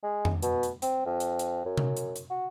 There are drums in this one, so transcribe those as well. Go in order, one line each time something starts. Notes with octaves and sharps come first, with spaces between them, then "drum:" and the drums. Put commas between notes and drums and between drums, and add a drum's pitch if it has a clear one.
G#3
drum: tom F2
B2, drum: hi-hat
drum: hi-hat
C4, drum: hi-hat
F2
drum: hi-hat
drum: hi-hat
F#2
drum: tom C3
drum: hi-hat
drum: hi-hat
F#4